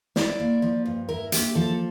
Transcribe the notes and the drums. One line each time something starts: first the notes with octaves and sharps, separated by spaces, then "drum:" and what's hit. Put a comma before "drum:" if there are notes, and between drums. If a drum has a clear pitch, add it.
E4 D5, drum: snare
A#3
F3
G2
E4 A#4
A#3 G4, drum: hi-hat
F3 A4